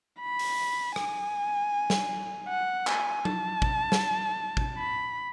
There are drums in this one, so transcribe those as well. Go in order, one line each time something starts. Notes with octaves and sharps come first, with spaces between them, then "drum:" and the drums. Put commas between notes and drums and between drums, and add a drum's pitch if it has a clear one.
B5
drum: open hi-hat
G#5, drum: rim click
drum: snare
F#5
G#5, drum: clap
A5, drum: tom F#3
drum: kick
drum: snare
drum: kick
B5